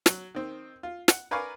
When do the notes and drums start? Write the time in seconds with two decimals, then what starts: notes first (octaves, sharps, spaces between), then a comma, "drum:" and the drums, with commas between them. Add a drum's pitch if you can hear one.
0.06 F#3, drum: snare
0.35 D#3 C4
0.83 F4
1.08 F#5, drum: snare
1.31 A#4 B4 D5 F5 G#5 C#6